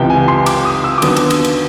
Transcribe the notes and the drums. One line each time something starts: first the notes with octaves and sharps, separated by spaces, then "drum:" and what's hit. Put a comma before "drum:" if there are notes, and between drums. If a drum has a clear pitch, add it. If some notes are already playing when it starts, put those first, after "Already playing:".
Already playing: C#2 C3 E3 G5
G#5
C6
D6, drum: cymbal
D#6
E6
D6
D#2 D3 F#3 B3 D#6, drum: cymbal
drum: cymbal
drum: cymbal
drum: cymbal